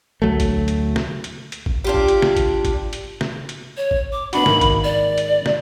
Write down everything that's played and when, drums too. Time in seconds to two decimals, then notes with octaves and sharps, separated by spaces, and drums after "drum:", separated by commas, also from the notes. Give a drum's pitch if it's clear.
0.22 D2 F#3 A3
0.40 drum: kick, hi-hat
0.68 drum: hi-hat
0.96 drum: snare
1.24 drum: hi-hat
1.52 drum: hi-hat
1.66 drum: kick
1.84 D4 F4 G4
1.94 drum: kick
2.08 drum: hi-hat
2.22 drum: snare
2.36 drum: kick, hi-hat
2.65 drum: kick, hi-hat
2.93 drum: hi-hat
3.21 drum: snare
3.49 drum: hi-hat
3.77 C#5
3.91 drum: kick
4.12 D6
4.33 B3 D4 F#4 B5, drum: hi-hat
4.46 G#2 D#3 A#3, drum: snare
4.61 drum: kick, hi-hat
4.84 D5
5.18 drum: hi-hat
5.46 drum: snare